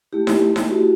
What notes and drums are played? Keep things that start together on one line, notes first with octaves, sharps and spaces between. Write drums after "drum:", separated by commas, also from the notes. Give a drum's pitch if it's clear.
A3 E4 G4
drum: snare D#4
drum: snare D#4
F#4